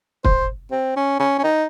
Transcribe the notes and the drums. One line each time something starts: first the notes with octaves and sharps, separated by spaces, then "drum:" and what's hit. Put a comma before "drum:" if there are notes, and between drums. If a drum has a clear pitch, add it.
C5, drum: kick
C4
C#4
C#4
C#4
D#4